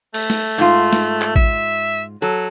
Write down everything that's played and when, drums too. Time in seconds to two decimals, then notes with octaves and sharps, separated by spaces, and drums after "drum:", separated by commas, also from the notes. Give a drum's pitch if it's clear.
0.14 A3, drum: cymbal
0.30 drum: snare
0.58 G#2 F4
0.93 drum: snare
1.22 drum: clap
1.36 E5, drum: kick A1
2.22 F#3 A4